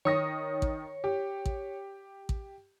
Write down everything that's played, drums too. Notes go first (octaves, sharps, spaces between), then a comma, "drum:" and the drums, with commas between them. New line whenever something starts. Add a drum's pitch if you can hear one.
D#3 C#5 D#6 A#6
drum: kick A1
G4
drum: kick A1
drum: kick A1